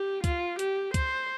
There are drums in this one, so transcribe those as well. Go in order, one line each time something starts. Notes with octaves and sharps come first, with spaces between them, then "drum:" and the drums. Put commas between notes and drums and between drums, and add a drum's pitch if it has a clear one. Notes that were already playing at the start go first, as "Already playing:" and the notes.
Already playing: G4
F4, drum: kick C#2, hi-hat
G4, drum: hi-hat
C5, drum: kick C#2, hi-hat